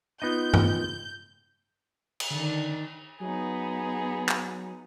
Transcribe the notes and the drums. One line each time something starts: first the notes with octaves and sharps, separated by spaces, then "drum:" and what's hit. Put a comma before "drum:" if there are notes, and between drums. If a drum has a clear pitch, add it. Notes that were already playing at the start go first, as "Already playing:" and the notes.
B3 D#4 F4 D#5 G6
drum: tom G2
drum: cymbal
D3 D#3 D4
F#3 B3 D#4 G#4
drum: clap